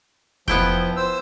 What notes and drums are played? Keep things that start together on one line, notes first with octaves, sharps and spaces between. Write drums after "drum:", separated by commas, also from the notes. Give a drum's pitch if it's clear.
F3 B3 E4 G5, drum: kick F1
C5 E6